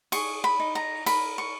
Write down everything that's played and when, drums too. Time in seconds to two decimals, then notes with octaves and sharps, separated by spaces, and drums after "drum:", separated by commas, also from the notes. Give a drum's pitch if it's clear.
0.12 G#4 C#6, drum: cymbal
0.44 B5
0.59 D#4
0.75 A#5
1.06 A#4 B5, drum: cymbal
1.38 C#6